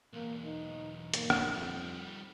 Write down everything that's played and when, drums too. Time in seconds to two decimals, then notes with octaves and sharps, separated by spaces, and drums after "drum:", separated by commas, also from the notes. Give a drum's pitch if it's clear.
0.14 B1 E2 A#3
0.44 D#4
1.14 A#3, drum: hi-hat
1.30 drum: rim click
1.53 F2 D#3 G3